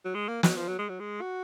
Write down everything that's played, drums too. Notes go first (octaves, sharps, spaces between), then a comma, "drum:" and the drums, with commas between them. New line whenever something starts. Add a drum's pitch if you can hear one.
F#3
G#3
A#3
F#3, drum: snare
F3
F#3
G#3
F#3
G#3
F#4